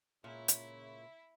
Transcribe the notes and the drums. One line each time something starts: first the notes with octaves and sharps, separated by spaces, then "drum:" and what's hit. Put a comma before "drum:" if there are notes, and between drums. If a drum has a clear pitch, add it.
C#2 A#2 E4 C#5 E5
drum: hi-hat